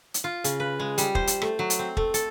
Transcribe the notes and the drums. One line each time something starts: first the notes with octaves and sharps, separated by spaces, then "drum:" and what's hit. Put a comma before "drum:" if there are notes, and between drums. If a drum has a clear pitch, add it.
drum: hi-hat
F4
C#3, drum: hi-hat
B4
G#3
G3, drum: hi-hat
C5, drum: kick
drum: hi-hat
A3, drum: rim click
F#3
drum: hi-hat
C4
A3, drum: kick
A4, drum: hi-hat